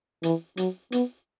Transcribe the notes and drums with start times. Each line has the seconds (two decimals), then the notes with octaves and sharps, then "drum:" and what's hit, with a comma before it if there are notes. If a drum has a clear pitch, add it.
0.23 E3, drum: hi-hat
0.57 F#3, drum: hi-hat
0.92 B3, drum: hi-hat